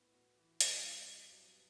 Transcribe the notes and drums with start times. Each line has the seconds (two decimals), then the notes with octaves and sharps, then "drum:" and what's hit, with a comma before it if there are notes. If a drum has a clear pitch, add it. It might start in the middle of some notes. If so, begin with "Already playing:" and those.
Already playing: A2 B3
0.13 F#4
0.37 E3
0.61 G2, drum: hi-hat
0.83 C4
1.07 G4
1.32 F#3
1.54 B2